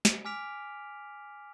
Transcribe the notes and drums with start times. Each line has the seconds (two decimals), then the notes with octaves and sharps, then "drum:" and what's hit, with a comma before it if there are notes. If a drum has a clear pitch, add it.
0.05 drum: snare
0.25 G#5 D6 F6 B6 D7 F7